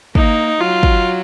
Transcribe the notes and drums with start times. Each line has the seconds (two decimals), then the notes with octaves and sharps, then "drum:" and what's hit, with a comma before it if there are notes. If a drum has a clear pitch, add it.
0.15 A#3 D#4, drum: kick
0.60 F#3 F4
0.83 drum: kick